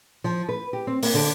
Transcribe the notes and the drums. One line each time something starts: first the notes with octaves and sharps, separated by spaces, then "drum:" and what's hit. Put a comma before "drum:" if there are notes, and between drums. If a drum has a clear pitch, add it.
F3
B4
G4
C4
A#3, drum: open hi-hat
D3